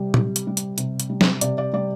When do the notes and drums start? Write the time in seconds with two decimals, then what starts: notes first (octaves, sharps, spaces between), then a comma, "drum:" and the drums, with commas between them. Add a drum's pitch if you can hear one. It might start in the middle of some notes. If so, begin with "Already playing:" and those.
Already playing: C3 G3
0.14 C3, drum: tom
0.36 drum: hi-hat
0.47 G3
0.57 drum: hi-hat
0.78 C3, drum: hi-hat
1.00 drum: hi-hat
1.10 G3
1.21 drum: snare
1.41 C3 D5, drum: hi-hat
1.58 D5
1.73 G3 D5